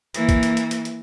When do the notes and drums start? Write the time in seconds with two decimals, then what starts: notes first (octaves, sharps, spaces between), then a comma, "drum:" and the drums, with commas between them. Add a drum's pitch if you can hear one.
0.14 E3 A#3, drum: hi-hat
0.29 drum: kick, hi-hat
0.43 drum: hi-hat
0.57 drum: hi-hat
0.71 drum: hi-hat
0.85 drum: hi-hat